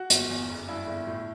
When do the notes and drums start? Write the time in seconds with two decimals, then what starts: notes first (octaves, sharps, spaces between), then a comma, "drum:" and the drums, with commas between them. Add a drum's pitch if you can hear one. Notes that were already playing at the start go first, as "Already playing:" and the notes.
Already playing: F#4 F#5
0.10 G1, drum: hi-hat
0.30 E2
0.49 F#1
0.68 G2 E4 E5
0.87 G1
1.07 A2